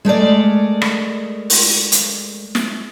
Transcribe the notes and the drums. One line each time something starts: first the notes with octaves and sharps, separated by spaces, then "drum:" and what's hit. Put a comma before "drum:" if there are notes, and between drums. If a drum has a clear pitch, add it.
G#3 A3 A#4 D5
drum: rim click
drum: open hi-hat
drum: hi-hat
drum: snare